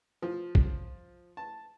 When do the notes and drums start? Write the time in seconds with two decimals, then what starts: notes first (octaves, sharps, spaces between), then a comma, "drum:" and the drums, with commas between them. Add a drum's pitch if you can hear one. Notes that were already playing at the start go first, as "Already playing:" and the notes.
0.22 F3
0.55 drum: kick
1.37 A5